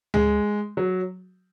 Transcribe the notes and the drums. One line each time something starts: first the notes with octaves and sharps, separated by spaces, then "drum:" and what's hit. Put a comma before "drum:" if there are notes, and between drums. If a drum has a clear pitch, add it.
G#3, drum: tom C#2
F#3